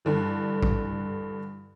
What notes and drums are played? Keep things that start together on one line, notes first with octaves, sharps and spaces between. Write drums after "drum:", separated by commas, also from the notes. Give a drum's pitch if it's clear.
G2 D3 E3
drum: kick